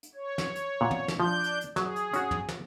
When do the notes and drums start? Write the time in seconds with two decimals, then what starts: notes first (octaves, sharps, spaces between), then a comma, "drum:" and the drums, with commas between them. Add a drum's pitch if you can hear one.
0.03 drum: hi-hat
0.15 C#5
0.38 drum: snare
0.56 drum: hi-hat
0.81 A#2 F#5
0.91 drum: tom
1.08 drum: snare
1.20 F3 D4 G6
1.43 drum: hi-hat
1.61 drum: hi-hat
1.76 F#3 G#4, drum: snare
1.96 drum: hi-hat
2.13 C#4 F#4, drum: hi-hat
2.31 drum: tom
2.49 drum: snare